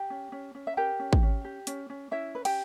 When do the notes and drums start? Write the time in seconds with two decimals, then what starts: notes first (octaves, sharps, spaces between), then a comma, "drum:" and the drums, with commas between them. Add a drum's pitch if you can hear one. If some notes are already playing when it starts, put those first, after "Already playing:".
Already playing: G4 G5
0.10 C#4
0.32 C#4
0.55 C#4
0.67 E5
0.77 G4 A#4 G5
0.99 C#4
1.13 drum: kick
1.23 C#4
1.44 G4
1.67 C#4, drum: hi-hat
1.90 C#4
2.11 C#4 E4 E5
2.35 B4
2.45 G4 G5, drum: cymbal